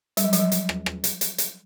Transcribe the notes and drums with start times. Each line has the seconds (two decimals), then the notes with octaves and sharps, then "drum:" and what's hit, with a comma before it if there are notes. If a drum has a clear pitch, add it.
0.17 G3, drum: hi-hat
0.24 F#3
0.33 F3, drum: hi-hat
0.40 F#3
0.52 drum: hi-hat
0.69 drum: rim click
0.86 drum: rim click
1.04 drum: hi-hat
1.21 drum: hi-hat
1.38 drum: hi-hat